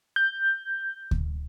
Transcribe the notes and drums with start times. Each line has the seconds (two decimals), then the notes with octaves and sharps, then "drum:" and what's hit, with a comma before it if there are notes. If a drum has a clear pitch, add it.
0.16 G6
1.11 drum: kick D2